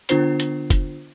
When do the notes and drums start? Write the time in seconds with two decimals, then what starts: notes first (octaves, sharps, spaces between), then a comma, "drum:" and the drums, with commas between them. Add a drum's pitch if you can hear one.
0.09 D3 B3 D4 F4 C5 C7, drum: hi-hat
0.40 drum: hi-hat
0.70 drum: kick F1, hi-hat